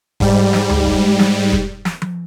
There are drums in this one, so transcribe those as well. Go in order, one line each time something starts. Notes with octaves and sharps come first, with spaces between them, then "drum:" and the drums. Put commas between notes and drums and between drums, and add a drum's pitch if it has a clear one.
G#2 G3, drum: kick
drum: snare
drum: tom D2
drum: kick
drum: snare
drum: kick
drum: snare
drum: tom F3